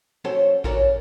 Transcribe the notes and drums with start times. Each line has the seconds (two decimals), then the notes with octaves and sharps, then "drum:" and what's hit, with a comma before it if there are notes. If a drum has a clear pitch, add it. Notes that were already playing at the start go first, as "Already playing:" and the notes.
0.25 F#3 C#4 A4 C5 C#5 A5
0.64 C#4 F#4 A4 A#4 C#5 D5, drum: kick A#1